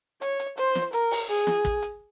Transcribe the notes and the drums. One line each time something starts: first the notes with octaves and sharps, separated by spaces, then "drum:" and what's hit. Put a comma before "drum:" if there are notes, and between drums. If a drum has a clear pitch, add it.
C#5, drum: hi-hat
drum: hi-hat
C5, drum: hi-hat
drum: snare
A#4, drum: hi-hat
drum: open hi-hat
G#4
drum: snare
drum: kick, hi-hat
drum: hi-hat